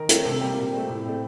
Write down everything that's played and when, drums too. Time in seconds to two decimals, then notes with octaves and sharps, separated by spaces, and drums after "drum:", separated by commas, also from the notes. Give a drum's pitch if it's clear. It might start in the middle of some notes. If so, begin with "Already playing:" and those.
Already playing: D#3 A#4
0.09 A3 C4, drum: hi-hat
0.25 C3 A4
0.41 G3 A#3 G4
0.57 A#2
0.73 A3 C4
0.89 A2
1.05 A3 C4